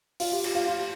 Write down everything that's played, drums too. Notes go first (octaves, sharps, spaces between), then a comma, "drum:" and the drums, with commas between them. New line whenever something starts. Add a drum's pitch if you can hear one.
F4, drum: open hi-hat
G4
G4, drum: cymbal
F4
F4